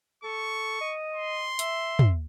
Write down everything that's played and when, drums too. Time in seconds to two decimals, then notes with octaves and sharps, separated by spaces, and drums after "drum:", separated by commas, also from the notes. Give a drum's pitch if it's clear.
0.24 A4 C#6
0.81 D#5
1.14 C6
1.59 E5, drum: hi-hat
1.99 drum: tom